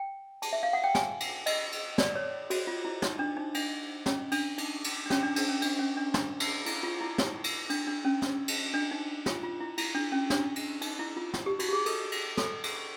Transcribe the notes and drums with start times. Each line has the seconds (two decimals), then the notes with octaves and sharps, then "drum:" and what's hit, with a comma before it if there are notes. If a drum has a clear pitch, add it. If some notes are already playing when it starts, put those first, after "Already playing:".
Already playing: G5
0.42 A5, drum: cymbal
0.53 E5
0.63 F5
0.73 F#5
0.84 G5
0.95 G#5, drum: snare
1.20 drum: cymbal
1.46 D#5, drum: cymbal
1.72 drum: cymbal
1.98 D5, drum: snare
2.15 C#5
2.50 F#4, drum: cymbal
2.67 F4
2.85 E4
3.02 D#4, drum: snare
3.19 D4
3.37 D#4
3.54 D4, drum: cymbal
4.06 C#4, drum: snare
4.32 D4, drum: cymbal
4.58 D#4, drum: cymbal
4.84 drum: cymbal
5.06 D4
5.10 C#4, drum: snare
5.23 D4
5.36 D4, drum: cymbal
5.49 C#4
5.62 D4, drum: cymbal
5.79 C#4
5.97 D4
6.14 D4, drum: snare
6.40 drum: cymbal
6.66 E4, drum: cymbal
6.83 F4
7.01 E4
7.18 D#4, drum: snare
7.44 drum: cymbal
7.70 D4, drum: cymbal
7.87 D4
8.05 C#4
8.22 drum: snare
8.48 drum: cymbal
8.74 D4
8.91 D#4
9.26 F4, drum: snare
9.43 F4
9.60 E4
9.78 E4, drum: cymbal
9.95 D4
10.12 C#4
10.30 D4, drum: snare
10.56 drum: cymbal
10.82 D#4, drum: cymbal
10.99 E4
11.17 F4
11.34 drum: snare
11.46 G4
11.59 F#4, drum: cymbal
11.68 G4
11.73 G#4
11.86 A4, drum: cymbal
12.12 drum: cymbal
12.37 A4, drum: snare
12.63 drum: cymbal